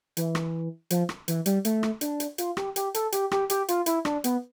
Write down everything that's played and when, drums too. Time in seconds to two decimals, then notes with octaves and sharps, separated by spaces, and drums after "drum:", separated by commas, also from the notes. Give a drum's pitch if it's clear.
0.17 E3, drum: hi-hat
0.35 drum: rim click
0.90 F3, drum: hi-hat
1.09 drum: rim click
1.28 E3, drum: hi-hat
1.46 G3, drum: hi-hat
1.65 A3, drum: hi-hat
1.83 drum: rim click
2.01 D4, drum: hi-hat
2.20 drum: hi-hat
2.38 F4, drum: hi-hat
2.57 G4, drum: rim click
2.76 G4, drum: hi-hat
2.94 A4, drum: hi-hat
3.12 G4, drum: hi-hat
3.31 G4, drum: rim click
3.50 G4, drum: hi-hat
3.68 F4, drum: hi-hat
3.86 E4, drum: hi-hat
4.05 D4, drum: rim click
4.24 B3, drum: hi-hat